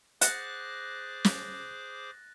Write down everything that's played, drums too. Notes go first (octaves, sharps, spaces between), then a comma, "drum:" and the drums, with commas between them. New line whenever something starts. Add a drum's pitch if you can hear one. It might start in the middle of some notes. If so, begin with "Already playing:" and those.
G#4 C5 F#5 D6 F#6 A6 A#6, drum: hi-hat
drum: snare